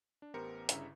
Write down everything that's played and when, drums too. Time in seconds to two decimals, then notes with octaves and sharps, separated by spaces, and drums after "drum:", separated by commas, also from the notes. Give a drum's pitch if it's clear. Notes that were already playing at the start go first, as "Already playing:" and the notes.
0.22 D4
0.34 A1 B3 G4 A#4 C5 C#7
0.69 G1 G2 C#3 E4 E5 A#5, drum: hi-hat